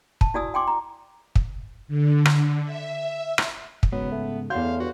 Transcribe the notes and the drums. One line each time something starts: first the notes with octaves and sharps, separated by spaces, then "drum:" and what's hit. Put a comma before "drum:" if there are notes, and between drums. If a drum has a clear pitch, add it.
A5, drum: kick
E4 F#4 D5 G#5 D#6 E6
G5 G#5 C6 D6
A#5
drum: kick
D3
drum: rim click
E5
drum: rim click
drum: kick
G#2 C#3 F#3 B3
A3
E2 F#4 A4 C#5 F5 C6 G6
A3
G2 F#4